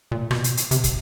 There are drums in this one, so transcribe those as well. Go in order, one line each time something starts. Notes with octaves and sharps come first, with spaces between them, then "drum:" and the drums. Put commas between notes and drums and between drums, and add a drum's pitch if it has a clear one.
A#2
B2, drum: rim click
drum: hi-hat
drum: hi-hat
C3, drum: hi-hat
drum: kick, hi-hat